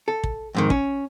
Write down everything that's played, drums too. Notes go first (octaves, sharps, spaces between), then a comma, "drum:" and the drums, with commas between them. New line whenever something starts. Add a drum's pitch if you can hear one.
A4
drum: kick
F2 G#2 D#3
C#4, drum: kick